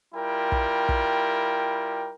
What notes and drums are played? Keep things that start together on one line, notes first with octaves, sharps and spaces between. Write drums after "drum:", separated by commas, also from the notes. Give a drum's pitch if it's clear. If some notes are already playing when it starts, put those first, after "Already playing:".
G3 E4 F4 A#4 G5
drum: kick
drum: kick